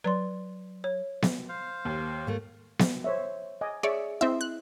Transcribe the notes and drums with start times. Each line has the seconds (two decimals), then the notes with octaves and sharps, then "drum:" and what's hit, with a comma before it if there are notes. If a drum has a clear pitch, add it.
0.04 F#3 B4 D5 C6
0.84 C#5
1.22 drum: snare B3
1.49 C5 F5
1.85 D#2 A#3
2.27 G#2 A3 A#3
2.79 drum: snare B3
3.04 C5 C#5 E5
3.61 D#5 G#5 D6
3.83 G#4 C#5 D5 E5 C#6
4.21 C4 E4 D#5 E5 C6
4.41 F#6